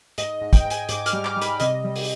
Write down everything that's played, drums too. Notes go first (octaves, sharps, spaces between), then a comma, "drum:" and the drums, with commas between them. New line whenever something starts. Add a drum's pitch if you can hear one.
G#2 D#5, drum: hi-hat
G#2
G5, drum: kick, hi-hat
G#2
G#5, drum: hi-hat
G#2 D6, drum: hi-hat
F6, drum: hi-hat
G3
D6, drum: clap
G3
B5, drum: hi-hat
C3 D#5, drum: hi-hat
G3
drum: open hi-hat